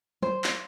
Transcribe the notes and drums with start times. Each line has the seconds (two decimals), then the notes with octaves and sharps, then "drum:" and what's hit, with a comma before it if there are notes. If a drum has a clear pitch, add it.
0.22 C5, drum: tom F#3
0.44 drum: clap